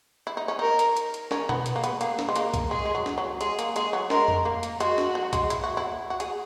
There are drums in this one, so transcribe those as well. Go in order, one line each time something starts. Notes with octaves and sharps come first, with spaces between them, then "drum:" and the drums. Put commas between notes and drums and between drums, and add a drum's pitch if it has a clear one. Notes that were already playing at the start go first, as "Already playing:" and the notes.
E4
D#4
C#4
D#4 A#4
drum: hi-hat
drum: hi-hat
drum: hi-hat
C#4 A#4, drum: snare
B3, drum: tom B2
B4, drum: hi-hat
A#3
B3, drum: hi-hat
A#3 G#4, drum: hi-hat
drum: snare
G#3
A#3 A#4, drum: hi-hat
drum: kick, hi-hat
G#3 G#4
G#3
F#3
drum: snare
F#3
G#3 G#4, drum: hi-hat
A#3, drum: hi-hat
G#3 G#4, drum: hi-hat
F#3
G#3 A#4, drum: snare
drum: tom F2
A#3
drum: hi-hat
G#3 F#4, drum: hi-hat
drum: snare
F#3
G#3, drum: kick, hi-hat
E4, drum: hi-hat
F#4
E4
F#4
G#4, drum: hi-hat